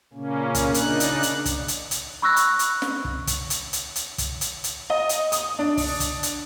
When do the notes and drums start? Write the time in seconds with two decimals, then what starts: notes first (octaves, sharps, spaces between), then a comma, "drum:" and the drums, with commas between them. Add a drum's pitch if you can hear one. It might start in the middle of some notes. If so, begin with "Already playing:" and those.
0.13 A#2 C#3 A#3 C#4
0.55 drum: kick, hi-hat
0.74 C#3 D4 D#4 F#6, drum: hi-hat
1.00 drum: hi-hat
1.23 drum: hi-hat
1.45 drum: kick, hi-hat
1.68 drum: hi-hat
1.91 drum: hi-hat
2.22 B5 C#6 E6 F#6 A#6
2.36 drum: hi-hat
2.59 drum: hi-hat
2.82 drum: snare
3.05 drum: kick
3.27 drum: kick, hi-hat
3.50 drum: hi-hat
3.73 drum: hi-hat
3.96 drum: hi-hat
4.18 drum: kick, hi-hat
4.41 drum: hi-hat
4.64 drum: hi-hat
4.90 D#5
5.09 drum: hi-hat
5.32 D#6, drum: hi-hat
5.59 D4
5.77 drum: kick, open hi-hat
6.00 drum: kick, hi-hat
6.23 drum: hi-hat